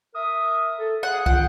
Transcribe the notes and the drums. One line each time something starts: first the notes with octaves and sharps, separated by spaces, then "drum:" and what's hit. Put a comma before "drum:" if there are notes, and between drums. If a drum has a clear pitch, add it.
A#4 E5 D#6
A4
G#4 F#5
F4 G#4 F#5 G5, drum: kick